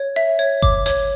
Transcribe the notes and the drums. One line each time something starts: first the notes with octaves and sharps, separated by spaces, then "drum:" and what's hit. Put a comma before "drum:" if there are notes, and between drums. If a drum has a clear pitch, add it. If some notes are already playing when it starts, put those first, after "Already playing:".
Already playing: C#5
E5
C#5
D6, drum: kick G1
C#5, drum: hi-hat